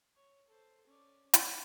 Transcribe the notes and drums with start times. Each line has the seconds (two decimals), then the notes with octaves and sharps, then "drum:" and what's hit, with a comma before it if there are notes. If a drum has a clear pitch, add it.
0.15 C#5
0.48 A4 C5
0.87 C#4 D5
1.34 D5, drum: hi-hat